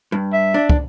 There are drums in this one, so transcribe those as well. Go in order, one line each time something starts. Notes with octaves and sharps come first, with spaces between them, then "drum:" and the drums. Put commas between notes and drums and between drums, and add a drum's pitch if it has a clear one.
G2
E5
D4
drum: kick